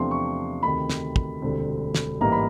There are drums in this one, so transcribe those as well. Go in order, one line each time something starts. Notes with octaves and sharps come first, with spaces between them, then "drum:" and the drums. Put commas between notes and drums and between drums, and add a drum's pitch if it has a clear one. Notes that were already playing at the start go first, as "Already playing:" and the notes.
Already playing: E2 C3 F3 A3 D4 C6
C#6
D2 C3 D#3 B5
drum: snare
drum: kick
E1 D2 D3 G3 C4
drum: snare
A1 G#2 E3 G3 A#3 A#5
B5